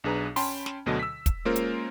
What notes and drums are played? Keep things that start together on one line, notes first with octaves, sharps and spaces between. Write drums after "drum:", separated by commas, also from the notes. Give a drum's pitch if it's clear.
B1 D4 G#4 B4 A#5
C#4 G5 A5 B5 C6, drum: open hi-hat
drum: snare
D2 B2 D3 F#3 D#5 A5
E6 B6
drum: kick, hi-hat
G#3 A#3 C#4 F4 A#4 C5
drum: hi-hat